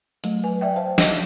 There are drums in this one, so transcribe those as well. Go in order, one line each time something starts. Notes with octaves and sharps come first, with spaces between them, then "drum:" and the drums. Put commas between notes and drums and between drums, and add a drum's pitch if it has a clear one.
F#3 A3, drum: hi-hat
B4 G#5
D5 E5 G5
C5 F5 A5
D#5, drum: snare